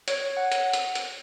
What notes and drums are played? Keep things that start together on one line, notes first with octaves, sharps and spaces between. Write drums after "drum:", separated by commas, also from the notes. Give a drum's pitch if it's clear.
C#5, drum: hi-hat
F#5
drum: hi-hat
drum: hi-hat
drum: hi-hat